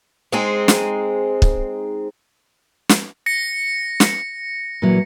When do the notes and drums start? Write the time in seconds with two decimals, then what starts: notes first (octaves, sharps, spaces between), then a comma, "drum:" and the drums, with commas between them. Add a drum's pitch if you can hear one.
0.32 G#3 C4 D#4 G#4
0.68 drum: snare
1.42 drum: kick
2.89 drum: snare
3.26 A#6 C#7
4.00 drum: snare
4.82 A#2 E3 F#3